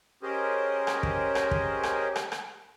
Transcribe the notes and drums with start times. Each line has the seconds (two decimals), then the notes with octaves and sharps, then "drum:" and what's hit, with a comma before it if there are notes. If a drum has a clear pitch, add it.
0.23 C#4 G4 G#4 A#4 C5 D#5
0.87 drum: rim click
1.03 drum: kick
1.35 drum: rim click
1.51 drum: kick
1.83 drum: rim click
2.16 drum: rim click
2.32 drum: rim click